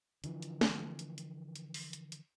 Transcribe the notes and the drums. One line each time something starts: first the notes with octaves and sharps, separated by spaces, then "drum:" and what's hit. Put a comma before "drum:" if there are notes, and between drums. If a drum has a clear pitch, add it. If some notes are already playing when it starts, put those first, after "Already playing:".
D3 E3 F3, drum: hi-hat
drum: hi-hat
drum: snare
drum: hi-hat
drum: hi-hat
drum: hi-hat
drum: open hi-hat
drum: hi-hat
drum: hi-hat